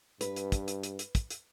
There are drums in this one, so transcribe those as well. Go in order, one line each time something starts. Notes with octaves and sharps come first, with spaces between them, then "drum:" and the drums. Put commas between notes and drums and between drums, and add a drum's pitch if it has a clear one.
G2 B4, drum: hi-hat
drum: hi-hat
drum: kick, hi-hat
drum: hi-hat
drum: hi-hat
drum: hi-hat
drum: kick, hi-hat
drum: hi-hat